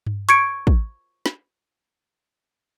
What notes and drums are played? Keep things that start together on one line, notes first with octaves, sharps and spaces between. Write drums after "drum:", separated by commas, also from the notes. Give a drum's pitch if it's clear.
drum: tom G2
C#6 G#6 C#7 D7, drum: hi-hat
drum: kick
drum: snare